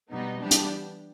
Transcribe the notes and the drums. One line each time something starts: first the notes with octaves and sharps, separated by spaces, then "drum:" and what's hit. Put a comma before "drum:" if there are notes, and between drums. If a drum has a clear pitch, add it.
B2 G3 B3 D#4
E3 G3 B3 D4 G4
drum: hi-hat